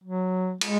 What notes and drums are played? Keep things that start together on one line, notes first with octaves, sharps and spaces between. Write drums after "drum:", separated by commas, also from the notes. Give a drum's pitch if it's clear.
F#3
G#3, drum: cymbal